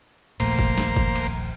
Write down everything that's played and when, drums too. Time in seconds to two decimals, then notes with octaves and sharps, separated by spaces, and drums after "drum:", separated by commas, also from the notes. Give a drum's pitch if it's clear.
0.40 D#1 A#1 A3 A#3 C5, drum: cymbal
0.59 drum: kick G1
0.78 drum: snare G3
0.96 drum: kick G1
1.15 drum: cymbal